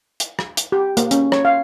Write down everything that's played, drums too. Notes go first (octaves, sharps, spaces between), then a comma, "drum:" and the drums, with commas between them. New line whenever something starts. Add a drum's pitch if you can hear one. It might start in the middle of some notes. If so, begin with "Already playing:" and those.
drum: hi-hat
drum: rim click
drum: hi-hat
G4
A#3, drum: hi-hat
C#4, drum: hi-hat
C#5, drum: rim click
F5